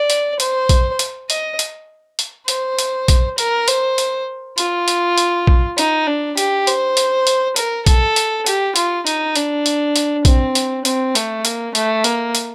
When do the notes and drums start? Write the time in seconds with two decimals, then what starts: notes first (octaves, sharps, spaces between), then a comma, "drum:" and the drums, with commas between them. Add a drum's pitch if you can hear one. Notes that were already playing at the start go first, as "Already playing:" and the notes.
Already playing: D5
0.10 drum: hi-hat
0.40 C5, drum: hi-hat
0.69 drum: kick A#1, hi-hat
0.99 drum: hi-hat
1.30 D#5, drum: hi-hat
1.59 drum: hi-hat
2.19 drum: hi-hat
2.48 C5, drum: hi-hat
2.79 drum: hi-hat
3.08 drum: kick A#1, hi-hat
3.38 A#4, drum: hi-hat
3.68 C5, drum: hi-hat
3.98 drum: hi-hat
4.58 F4, drum: hi-hat
4.88 drum: hi-hat
5.18 drum: hi-hat
5.47 drum: kick A#1
5.78 D#4, drum: hi-hat
6.07 D4
6.37 G4, drum: hi-hat
6.67 C5, drum: hi-hat
6.97 drum: hi-hat
7.27 drum: hi-hat
7.56 A#4, drum: hi-hat
7.86 A4, drum: kick A#1, hi-hat
8.16 drum: hi-hat
8.46 G4, drum: hi-hat
8.76 F4, drum: hi-hat
9.07 D#4, drum: hi-hat
9.36 D4, drum: hi-hat
9.66 drum: hi-hat
9.96 drum: hi-hat
10.25 C4, drum: kick A#1, hi-hat
10.55 drum: hi-hat
10.85 C4, drum: hi-hat
11.15 A3, drum: hi-hat
11.45 A#3, drum: hi-hat
11.75 A3, drum: hi-hat
12.04 A#3, drum: hi-hat
12.35 drum: hi-hat